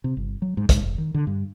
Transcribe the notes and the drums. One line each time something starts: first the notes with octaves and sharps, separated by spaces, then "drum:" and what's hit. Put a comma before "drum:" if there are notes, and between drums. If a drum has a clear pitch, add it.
C3
G1
F#3
G#2
G#2, drum: kick, hi-hat
F1
D#3
D3
G2